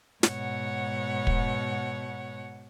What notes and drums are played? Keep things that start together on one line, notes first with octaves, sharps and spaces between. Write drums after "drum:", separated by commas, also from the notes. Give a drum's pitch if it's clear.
G#2 B2 C#5 F#5, drum: snare
drum: kick